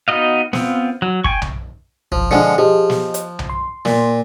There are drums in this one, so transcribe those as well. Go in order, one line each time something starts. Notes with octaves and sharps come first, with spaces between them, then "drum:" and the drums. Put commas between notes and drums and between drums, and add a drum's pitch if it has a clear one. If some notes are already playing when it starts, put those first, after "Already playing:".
B3 D#4 F#4 D#5 F5
B3 C4 F4, drum: snare
F#3
G5 G#5 C#6, drum: kick
drum: tom B1
G1 C2 F3
D3 F3 G#3 D4 F#5 C#7
F3 G4 G#4 D#5
drum: snare
drum: hi-hat
drum: tom B1
C6
A#2, drum: snare